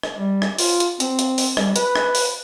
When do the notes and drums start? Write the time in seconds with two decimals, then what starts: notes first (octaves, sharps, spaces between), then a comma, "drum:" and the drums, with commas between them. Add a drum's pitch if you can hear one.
0.03 drum: rim click
0.17 G3
0.42 drum: rim click
0.59 F4, drum: open hi-hat
0.80 drum: hi-hat
1.00 C4, drum: hi-hat
1.19 drum: hi-hat
1.38 drum: open hi-hat
1.57 G3, drum: rim click
1.76 B4, drum: hi-hat
1.96 drum: rim click
2.15 drum: open hi-hat